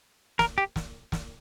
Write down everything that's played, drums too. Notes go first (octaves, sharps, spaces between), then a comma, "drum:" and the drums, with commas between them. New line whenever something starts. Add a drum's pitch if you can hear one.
A#4, drum: snare
G4
drum: snare
drum: snare